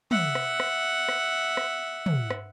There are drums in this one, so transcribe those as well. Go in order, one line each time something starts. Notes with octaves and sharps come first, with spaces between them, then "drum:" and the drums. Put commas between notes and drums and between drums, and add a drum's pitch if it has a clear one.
E5 F#5, drum: tom
drum: rim click
drum: rim click
drum: rim click
drum: rim click
drum: tom
drum: rim click